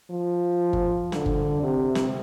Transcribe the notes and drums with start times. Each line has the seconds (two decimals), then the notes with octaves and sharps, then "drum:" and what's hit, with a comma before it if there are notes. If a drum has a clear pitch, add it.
0.11 F3
0.73 drum: kick G1
1.12 D3, drum: snare
1.26 drum: kick G1
1.62 C3
1.95 drum: snare